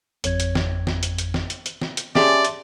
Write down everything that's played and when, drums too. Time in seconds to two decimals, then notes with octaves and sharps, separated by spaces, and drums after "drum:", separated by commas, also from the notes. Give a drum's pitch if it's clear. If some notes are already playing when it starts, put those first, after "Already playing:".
0.24 G#1 F2 C#5 G#6, drum: hi-hat
0.40 drum: hi-hat
0.55 drum: snare
0.87 drum: snare
1.03 drum: hi-hat
1.18 drum: hi-hat
1.34 drum: snare
1.50 drum: hi-hat
1.66 drum: hi-hat
1.82 drum: snare
1.97 drum: hi-hat
2.15 C#4 G4 G#4 D5 E5 A5 C6, drum: snare
2.45 drum: hi-hat